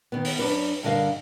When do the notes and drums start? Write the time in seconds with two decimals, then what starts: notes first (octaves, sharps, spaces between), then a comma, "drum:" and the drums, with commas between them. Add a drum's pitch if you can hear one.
0.12 D#3 B3
0.25 drum: open hi-hat
0.39 F#2 D4 B4
0.83 G2 D3 A#4 D#5 F5